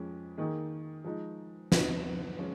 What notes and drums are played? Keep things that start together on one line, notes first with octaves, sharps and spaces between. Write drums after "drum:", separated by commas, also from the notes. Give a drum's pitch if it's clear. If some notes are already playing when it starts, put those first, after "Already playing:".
Already playing: F2 F3 G#3 C#4
D#3 A#3 D#4 G#4
F3 G#3 D#4
F3 B3 D#4 F#4, drum: snare
F3 G#3 C#4 F4